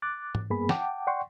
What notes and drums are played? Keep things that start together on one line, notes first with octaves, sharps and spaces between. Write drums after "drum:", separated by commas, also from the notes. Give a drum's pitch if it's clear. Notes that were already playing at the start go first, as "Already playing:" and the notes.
D6 F#6 A6
drum: tom G#2
G2 A#3 B3 G#4 B5
F#5 G5 A5 D6, drum: snare
D5 F#5 G5 C6 C#6